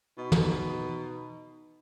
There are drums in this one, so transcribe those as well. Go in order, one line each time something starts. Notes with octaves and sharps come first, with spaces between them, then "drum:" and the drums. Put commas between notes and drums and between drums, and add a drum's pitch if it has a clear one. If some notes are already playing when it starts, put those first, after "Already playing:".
B2 D#4
drum: tom